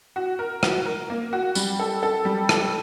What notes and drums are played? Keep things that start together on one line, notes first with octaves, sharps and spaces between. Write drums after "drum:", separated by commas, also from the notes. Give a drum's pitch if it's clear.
F#4
A#4
F#4, drum: rim click
A#4
A#3
F#4
G3, drum: tambourine
A4
A4
G3
A4, drum: rim click